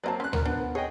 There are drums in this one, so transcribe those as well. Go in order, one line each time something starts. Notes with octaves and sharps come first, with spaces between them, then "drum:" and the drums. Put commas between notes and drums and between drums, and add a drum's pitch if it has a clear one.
F#3 A#3 C4 D5 D#5 A5
C#4 C6 F#6
A#4, drum: tom D2
F3 B3 D4
G#4 C#5 D#5 G5